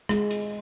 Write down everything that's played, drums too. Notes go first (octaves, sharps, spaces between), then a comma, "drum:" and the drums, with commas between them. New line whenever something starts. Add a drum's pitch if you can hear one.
G#3, drum: rim click
drum: hi-hat